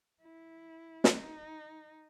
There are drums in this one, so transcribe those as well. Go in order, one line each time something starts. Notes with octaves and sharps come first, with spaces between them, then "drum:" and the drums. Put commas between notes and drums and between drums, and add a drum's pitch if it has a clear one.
E4
D#4, drum: snare